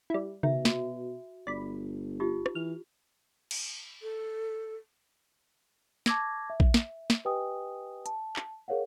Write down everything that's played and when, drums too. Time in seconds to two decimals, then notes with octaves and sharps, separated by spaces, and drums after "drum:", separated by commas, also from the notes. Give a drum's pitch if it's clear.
0.10 G3 E4
0.43 B2 D#3 E5, drum: tom C3
0.65 F#4, drum: snare
1.47 G1 D5 B5
2.20 D#4 F4 G4
2.46 drum: rim click
2.55 E3 F6
3.51 drum: cymbal
4.02 A4
6.06 A5 C#6 D6 E6 G#6 A#6, drum: snare
6.50 E5
6.60 drum: kick A#1
6.74 drum: snare
7.10 drum: snare
7.25 G4 B4 D#5 G5 G#5 D#6
8.06 A5, drum: hi-hat
8.36 drum: clap
8.68 G#4 A#4 C#5 F5 F#5